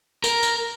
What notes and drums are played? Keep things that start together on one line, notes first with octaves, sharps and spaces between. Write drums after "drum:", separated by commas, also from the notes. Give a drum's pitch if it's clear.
A#4, drum: tambourine
drum: tambourine